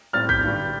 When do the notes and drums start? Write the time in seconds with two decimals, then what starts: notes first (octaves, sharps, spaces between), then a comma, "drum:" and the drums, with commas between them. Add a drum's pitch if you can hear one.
0.13 A2 G3 C4 F6 A6
0.29 G6 B6, drum: kick A1
0.43 G2 D3 G3, drum: tom G2